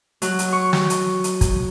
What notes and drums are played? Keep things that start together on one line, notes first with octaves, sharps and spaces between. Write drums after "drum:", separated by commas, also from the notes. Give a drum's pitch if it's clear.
F#3, drum: hi-hat
drum: hi-hat
C#6
drum: snare
drum: hi-hat
drum: hi-hat
drum: kick, hi-hat